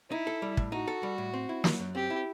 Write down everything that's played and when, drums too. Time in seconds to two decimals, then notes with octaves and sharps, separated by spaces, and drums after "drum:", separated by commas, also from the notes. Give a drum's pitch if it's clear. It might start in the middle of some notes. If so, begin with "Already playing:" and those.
0.11 D#4 E4
0.27 A4
0.42 G3
0.57 A2, drum: kick
0.72 D#4 F#4
0.88 A4
1.03 G3
1.18 A2
1.34 C4
1.49 E4
1.64 F#3, drum: snare
1.79 F#2
1.95 C4 G4
2.10 E4